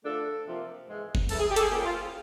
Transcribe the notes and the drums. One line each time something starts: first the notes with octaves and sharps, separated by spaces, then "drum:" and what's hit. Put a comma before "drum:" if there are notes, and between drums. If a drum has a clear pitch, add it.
D3 F3 A3 D4 A4
C3 F3 A#3
G#2 E3 G#3
drum: kick F#1
C#3 E3 A3 A4, drum: cymbal
G#4
G4
A4, drum: hi-hat
G#4
C#3 F3 A#3 G4
F4